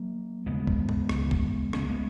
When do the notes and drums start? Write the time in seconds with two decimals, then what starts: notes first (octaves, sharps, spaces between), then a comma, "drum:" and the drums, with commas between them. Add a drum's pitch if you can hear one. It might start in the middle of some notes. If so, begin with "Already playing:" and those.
Already playing: F#3 A#3
0.46 D#2 C#3 G#3 B3
0.67 drum: kick C2
0.89 drum: tom G2
1.09 C#2 C#3, drum: rim click
1.31 drum: kick C2
1.73 C#2 C#3 A#3 C#4, drum: rim click
1.89 G#3 B3